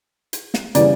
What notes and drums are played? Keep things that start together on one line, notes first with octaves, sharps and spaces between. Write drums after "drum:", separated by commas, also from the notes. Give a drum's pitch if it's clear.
drum: hi-hat
drum: snare
C#3 E3 G3 B3 D5, drum: hi-hat